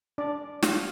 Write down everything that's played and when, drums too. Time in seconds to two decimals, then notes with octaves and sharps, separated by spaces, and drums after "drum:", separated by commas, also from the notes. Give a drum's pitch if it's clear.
0.18 D4 D5
0.62 F4 F5, drum: snare